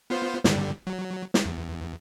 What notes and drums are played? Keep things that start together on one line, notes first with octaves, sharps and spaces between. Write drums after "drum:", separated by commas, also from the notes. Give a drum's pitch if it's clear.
B3 F4 C5
G2 D3 G3, drum: snare
F#3
drum: snare
E2